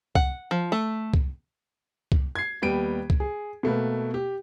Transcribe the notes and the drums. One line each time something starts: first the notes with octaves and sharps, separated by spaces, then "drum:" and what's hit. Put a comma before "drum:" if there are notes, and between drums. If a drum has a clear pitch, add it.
F#5, drum: kick C2
F3
A3
drum: kick C2
drum: kick C2
G#6 C7
D#2 G3 B3 G5 D7 D#7
drum: kick C2
G#4
B2 A3 A#3 B4
G4